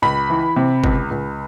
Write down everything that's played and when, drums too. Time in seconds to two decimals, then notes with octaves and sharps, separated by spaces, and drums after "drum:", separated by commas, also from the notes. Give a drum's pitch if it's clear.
0.02 C#2 B5
0.30 E3
0.56 C3
0.84 C#2, drum: kick
1.11 C#2